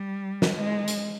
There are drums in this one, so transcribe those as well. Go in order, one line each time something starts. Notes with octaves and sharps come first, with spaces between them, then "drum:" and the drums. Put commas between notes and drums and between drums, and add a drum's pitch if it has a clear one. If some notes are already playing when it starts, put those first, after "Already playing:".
Already playing: G3
drum: snare
G#3
drum: hi-hat